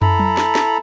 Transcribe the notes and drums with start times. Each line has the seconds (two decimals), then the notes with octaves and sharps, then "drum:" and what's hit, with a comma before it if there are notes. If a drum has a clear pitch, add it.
0.02 E4 A4 A#5 B5, drum: tom
0.19 drum: tom
0.37 drum: snare
0.55 drum: snare